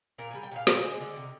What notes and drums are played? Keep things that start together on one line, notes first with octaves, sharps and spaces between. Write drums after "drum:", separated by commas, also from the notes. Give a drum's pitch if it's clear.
A#2 A#4
G#5
G3
G5
A#2 F5
D3 D#5, drum: snare
G#3
D3
C3